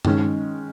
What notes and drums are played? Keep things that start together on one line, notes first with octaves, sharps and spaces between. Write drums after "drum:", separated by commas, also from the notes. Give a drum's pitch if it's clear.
D#3 G#3 C#4, drum: tom G2